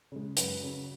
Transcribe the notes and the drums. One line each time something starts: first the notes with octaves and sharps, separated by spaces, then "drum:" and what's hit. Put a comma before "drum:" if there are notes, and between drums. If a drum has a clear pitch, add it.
C#3 G#3
F#2 B4, drum: hi-hat
C#3 F#3